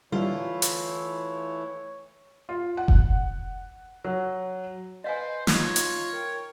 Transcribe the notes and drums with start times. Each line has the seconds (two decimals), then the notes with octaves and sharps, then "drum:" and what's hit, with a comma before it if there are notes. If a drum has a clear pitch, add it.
0.12 D3 E3 G3 A3 E4 F4 C#5
0.62 drum: hi-hat
2.49 F4
2.77 F#5
2.88 drum: kick F1
4.04 F#3
5.04 B4 C5 D#5 F5 G#5
5.47 D#4 F4 C#5, drum: snare
5.76 drum: hi-hat
6.13 A#4 G5